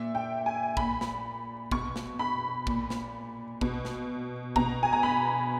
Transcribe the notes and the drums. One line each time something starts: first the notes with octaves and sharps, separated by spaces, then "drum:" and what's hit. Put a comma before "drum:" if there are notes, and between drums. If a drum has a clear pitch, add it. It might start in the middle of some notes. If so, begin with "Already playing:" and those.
Already playing: A#2 E5
G5
G#5
A#2 B5, drum: kick
drum: snare
B2 C#6, drum: kick
drum: snare
B5
A#2, drum: kick
drum: snare
B2, drum: kick
drum: snare
B2 A#5, drum: kick
G#5
A#5
B5